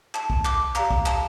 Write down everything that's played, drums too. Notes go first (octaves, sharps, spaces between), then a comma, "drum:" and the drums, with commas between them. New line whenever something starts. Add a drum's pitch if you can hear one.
A5, drum: clap
drum: kick
D6, drum: clap
G4 D5 F5 A#5, drum: clap
drum: kick
A5, drum: clap